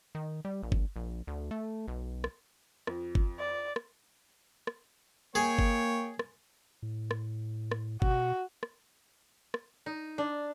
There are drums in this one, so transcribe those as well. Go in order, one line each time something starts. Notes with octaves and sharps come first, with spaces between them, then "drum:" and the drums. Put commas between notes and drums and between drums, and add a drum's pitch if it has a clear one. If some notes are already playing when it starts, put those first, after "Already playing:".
D#3
G3
A#1
drum: kick G1
A#1
D2
A3
B1
drum: rim click
F2, drum: rim click
drum: kick G1
D5
drum: rim click
drum: rim click
A#3 G#4 C#5 G5
drum: kick G1
drum: rim click
A2
drum: rim click
drum: rim click
B2 F#4, drum: kick G1
drum: rim click
drum: rim click
D#4
D4